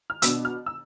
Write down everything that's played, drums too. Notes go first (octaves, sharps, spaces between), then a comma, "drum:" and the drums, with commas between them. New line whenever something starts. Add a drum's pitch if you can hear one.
F6
B2 B3 D4 E6, drum: hi-hat
F6
E6